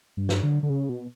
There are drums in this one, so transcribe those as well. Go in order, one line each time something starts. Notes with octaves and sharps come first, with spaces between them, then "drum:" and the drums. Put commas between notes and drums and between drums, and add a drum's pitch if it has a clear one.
G2
drum: snare
D3
D3
C#3
B2